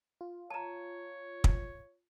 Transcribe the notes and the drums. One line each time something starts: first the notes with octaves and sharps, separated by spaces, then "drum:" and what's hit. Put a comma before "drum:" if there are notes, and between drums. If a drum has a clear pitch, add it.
F4
C#5 A5 A#5
drum: kick